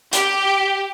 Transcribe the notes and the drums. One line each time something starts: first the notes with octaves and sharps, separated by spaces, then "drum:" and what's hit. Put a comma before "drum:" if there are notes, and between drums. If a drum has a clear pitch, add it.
G4, drum: hi-hat